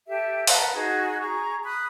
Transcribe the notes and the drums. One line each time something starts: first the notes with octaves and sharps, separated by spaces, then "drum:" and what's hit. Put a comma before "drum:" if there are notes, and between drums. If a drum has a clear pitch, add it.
G4 A4 E5
A#4 B4 F#5 A5, drum: open hi-hat
D#4 F#4 G#4 G#5
G#4 A#5 C#6
B5 D#6 F#6